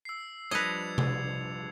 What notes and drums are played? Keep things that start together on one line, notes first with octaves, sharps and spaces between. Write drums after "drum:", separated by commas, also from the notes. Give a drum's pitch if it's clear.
E6 C7
F3 G3 D4 B4 D#5 G#6 C#7 F7
drum: tom C3